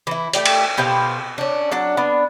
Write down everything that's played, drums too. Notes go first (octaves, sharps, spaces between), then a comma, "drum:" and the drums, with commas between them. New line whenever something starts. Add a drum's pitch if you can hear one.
E3 E4
A3 G4 D5, drum: hi-hat
drum: cymbal
B2 G4 C5 F5
C#4 D4
F#3 D4 F#5
B3 D4